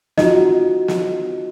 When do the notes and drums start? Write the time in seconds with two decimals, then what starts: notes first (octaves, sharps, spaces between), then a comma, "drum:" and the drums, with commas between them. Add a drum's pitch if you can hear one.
0.18 D#4 F4 F#4 D#5, drum: snare
0.88 drum: snare